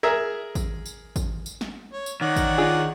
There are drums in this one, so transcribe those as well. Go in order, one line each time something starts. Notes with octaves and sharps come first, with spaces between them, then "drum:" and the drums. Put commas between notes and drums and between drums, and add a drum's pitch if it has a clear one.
G#4 A#4 E5
drum: kick A1, tambourine
drum: tambourine
drum: kick A1, tambourine
drum: tambourine
drum: snare
C#5
drum: tambourine
D#3 C#5 D5 F#5
drum: kick A1, tambourine
D4 F4 G#4